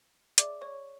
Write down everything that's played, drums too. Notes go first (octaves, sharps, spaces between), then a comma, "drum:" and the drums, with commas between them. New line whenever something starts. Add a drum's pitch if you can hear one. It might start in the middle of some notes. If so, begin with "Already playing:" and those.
G#4 C#5 D5 E5 D6, drum: hi-hat
C#5 C#6